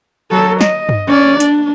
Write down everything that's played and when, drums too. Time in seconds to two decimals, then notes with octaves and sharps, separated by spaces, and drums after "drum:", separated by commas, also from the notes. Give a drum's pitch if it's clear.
0.31 F#3 A4
0.61 D#5, drum: snare
0.89 drum: tom G2
1.07 C#4 D5
1.40 D4, drum: hi-hat